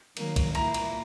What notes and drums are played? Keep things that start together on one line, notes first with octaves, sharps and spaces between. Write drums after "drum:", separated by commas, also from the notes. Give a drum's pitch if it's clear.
D#3 F#3 A#3, drum: cymbal
drum: kick, cymbal
A#2 A#3 E4 A#5, drum: cymbal
drum: cymbal